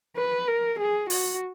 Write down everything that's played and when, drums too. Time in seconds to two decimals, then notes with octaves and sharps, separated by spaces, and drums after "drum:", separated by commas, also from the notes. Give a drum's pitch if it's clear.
0.17 B4
0.48 A#4
0.79 G#4
1.10 F#4, drum: open hi-hat